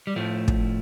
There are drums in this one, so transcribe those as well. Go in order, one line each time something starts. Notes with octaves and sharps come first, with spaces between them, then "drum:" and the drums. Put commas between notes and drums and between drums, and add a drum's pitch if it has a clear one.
G3
A2 F3 A3
drum: kick